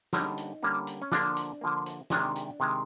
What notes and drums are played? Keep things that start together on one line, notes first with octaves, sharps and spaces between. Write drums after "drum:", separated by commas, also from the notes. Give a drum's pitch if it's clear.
D3 G3 A#3 C#4 D#4, drum: snare
drum: hi-hat
D3 G3 A#3 C#4
drum: hi-hat
C#4
D3 F3 A#3 D4, drum: snare
drum: hi-hat
D3 F3 A#3
drum: hi-hat
C3 D#3 G#3 D4, drum: snare
drum: hi-hat
C3 D#3 G#3